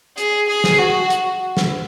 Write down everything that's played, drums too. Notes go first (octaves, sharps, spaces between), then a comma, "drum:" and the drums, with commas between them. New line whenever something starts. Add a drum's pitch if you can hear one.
G#4, drum: hi-hat
G#4
drum: snare
F#4
drum: hi-hat
drum: snare